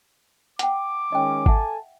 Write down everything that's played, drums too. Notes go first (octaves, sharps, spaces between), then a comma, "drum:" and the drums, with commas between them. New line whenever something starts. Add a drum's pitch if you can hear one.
F#5 G5 D6, drum: hi-hat
D#3 G#3 C#4 D#5 G5
A4 E5 F#5 G#5 A5, drum: kick G#1